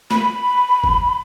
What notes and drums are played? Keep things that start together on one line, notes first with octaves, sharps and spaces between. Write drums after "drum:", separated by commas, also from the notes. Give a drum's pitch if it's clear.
B5, drum: snare
drum: kick F#1